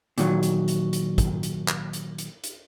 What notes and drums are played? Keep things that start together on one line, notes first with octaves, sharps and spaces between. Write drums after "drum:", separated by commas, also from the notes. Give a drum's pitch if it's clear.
A#2 D#3 F#3, drum: hi-hat
drum: hi-hat
drum: hi-hat
drum: hi-hat
drum: kick, hi-hat
drum: hi-hat
drum: clap
drum: hi-hat
drum: hi-hat
drum: hi-hat